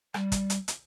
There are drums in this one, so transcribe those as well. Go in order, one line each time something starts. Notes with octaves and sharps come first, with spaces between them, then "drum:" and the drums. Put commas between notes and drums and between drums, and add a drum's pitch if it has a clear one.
G3, drum: rim click
drum: kick, hi-hat
drum: hi-hat
drum: hi-hat